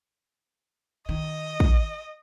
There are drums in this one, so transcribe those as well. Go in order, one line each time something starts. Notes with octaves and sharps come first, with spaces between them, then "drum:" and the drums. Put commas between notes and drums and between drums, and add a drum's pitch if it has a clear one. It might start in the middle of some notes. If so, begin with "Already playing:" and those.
D#3 D#5
drum: kick